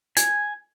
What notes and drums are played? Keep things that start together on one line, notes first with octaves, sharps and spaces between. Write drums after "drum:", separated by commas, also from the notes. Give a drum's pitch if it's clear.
G#5, drum: hi-hat